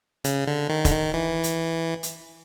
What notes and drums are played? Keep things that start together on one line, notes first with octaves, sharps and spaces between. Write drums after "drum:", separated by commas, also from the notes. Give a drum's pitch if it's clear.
C#3, drum: hi-hat
D3
D#3
D3, drum: kick E1, hi-hat
D#3
E3
drum: hi-hat
drum: hi-hat